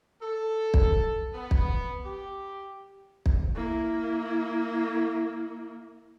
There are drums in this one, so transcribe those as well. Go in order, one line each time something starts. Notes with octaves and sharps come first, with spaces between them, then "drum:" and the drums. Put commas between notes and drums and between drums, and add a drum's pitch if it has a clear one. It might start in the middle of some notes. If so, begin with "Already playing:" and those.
A4
drum: kick
B3
drum: kick
G4
drum: kick
A#3 E4